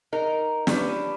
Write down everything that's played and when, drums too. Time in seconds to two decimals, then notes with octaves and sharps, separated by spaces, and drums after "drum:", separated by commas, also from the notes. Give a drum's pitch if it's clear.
0.13 D#4 A#4
0.67 C#4 D4 G4 B4, drum: snare